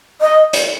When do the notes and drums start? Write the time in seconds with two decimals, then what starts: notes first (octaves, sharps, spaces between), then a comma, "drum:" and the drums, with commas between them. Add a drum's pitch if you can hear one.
0.21 D#5
0.53 drum: hi-hat